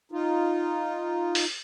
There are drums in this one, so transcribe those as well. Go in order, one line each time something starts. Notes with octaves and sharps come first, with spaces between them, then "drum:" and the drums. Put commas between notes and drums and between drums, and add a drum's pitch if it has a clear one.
D#4 F4
drum: open hi-hat